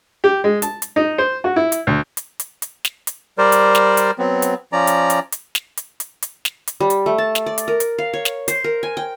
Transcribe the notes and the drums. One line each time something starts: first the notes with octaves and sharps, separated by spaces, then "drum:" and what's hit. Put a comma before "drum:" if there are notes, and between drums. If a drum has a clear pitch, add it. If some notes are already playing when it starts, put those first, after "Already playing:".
G4
G#3
A5, drum: hi-hat
drum: hi-hat
D#4
C5
F#4
E4
drum: hi-hat
D2
drum: hi-hat
drum: hi-hat
drum: hi-hat
drum: snare
drum: hi-hat
G3 A#4 C5 D5
drum: hi-hat
drum: snare
drum: hi-hat
F#3 B3 C4
drum: hi-hat
F3 C#4 D5 A#5
drum: hi-hat
drum: hi-hat
drum: hi-hat
drum: snare
drum: hi-hat
drum: hi-hat
drum: hi-hat
drum: snare
drum: hi-hat
G3
drum: hi-hat
A3
A5
drum: snare
D5
drum: hi-hat
A#4
drum: hi-hat
F5
C#5
drum: snare
C5, drum: hi-hat
A#4
G#5
G5